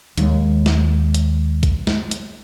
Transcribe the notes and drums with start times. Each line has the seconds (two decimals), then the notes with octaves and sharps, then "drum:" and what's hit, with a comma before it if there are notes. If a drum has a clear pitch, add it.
0.18 D#2 G#3, drum: hi-hat
0.66 drum: snare
1.14 drum: hi-hat
1.63 drum: kick, hi-hat
1.87 drum: snare
2.11 drum: hi-hat